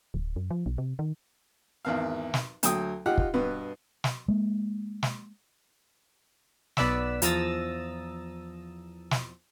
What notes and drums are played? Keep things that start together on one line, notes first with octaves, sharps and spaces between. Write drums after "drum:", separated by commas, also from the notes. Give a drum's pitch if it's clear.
D1
F#2
F3
B1
C3
D#3
G#1 E2 F5
drum: snare
D2 F#3 G5 D#6, drum: hi-hat
D#4 F4 G4 F#5
drum: kick
G2 B2 B3
drum: snare
G#3 A#3
drum: snare
B1 B3 B4 D5 E6 B6, drum: snare
E2 F3 A#5 D#6 E6 A6, drum: hi-hat
drum: snare